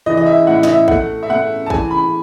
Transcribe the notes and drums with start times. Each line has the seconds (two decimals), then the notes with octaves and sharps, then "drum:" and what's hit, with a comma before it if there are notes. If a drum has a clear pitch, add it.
0.06 E3 D#5
0.17 D#5
0.26 E5
0.47 A2 F#5
0.63 D#5, drum: snare
0.67 E5
0.88 A3 F#5, drum: kick A1
1.23 E5
1.30 A3 F#5
1.66 A5
1.70 E3 G#5, drum: kick A1
1.91 B5